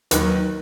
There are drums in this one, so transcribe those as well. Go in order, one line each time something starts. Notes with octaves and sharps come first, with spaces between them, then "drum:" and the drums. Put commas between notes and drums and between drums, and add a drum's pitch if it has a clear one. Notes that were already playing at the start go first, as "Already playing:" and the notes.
D#2 D#3 F#3 B4, drum: hi-hat